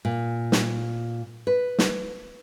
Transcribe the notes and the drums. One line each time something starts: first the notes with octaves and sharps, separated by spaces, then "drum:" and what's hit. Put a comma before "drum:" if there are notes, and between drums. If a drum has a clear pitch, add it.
A#2
drum: snare
B4
drum: snare